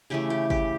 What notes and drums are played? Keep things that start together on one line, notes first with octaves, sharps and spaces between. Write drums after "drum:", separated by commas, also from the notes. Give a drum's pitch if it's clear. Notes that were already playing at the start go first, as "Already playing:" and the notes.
C#3 E3 A3 G4
G4
G4, drum: kick